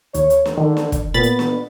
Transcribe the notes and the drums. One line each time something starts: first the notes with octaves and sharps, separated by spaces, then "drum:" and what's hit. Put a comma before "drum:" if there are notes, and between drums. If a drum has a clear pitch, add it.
D#2 C#5, drum: hi-hat
drum: hi-hat
drum: snare
D3 D#3
drum: snare
drum: kick, hi-hat
A#2 B3 B5 A6
drum: hi-hat
drum: snare